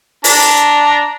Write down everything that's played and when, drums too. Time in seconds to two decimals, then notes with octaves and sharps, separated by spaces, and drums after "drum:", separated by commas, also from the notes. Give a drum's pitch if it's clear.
0.24 D4 A#5, drum: open hi-hat